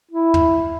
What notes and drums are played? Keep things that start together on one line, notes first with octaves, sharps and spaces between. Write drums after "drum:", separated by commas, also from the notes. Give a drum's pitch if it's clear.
E4
drum: tom